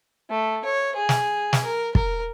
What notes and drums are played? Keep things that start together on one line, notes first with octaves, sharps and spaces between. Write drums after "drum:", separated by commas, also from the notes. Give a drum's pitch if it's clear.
A3
C#5
G#4
drum: snare
drum: snare
A#4
A#4, drum: kick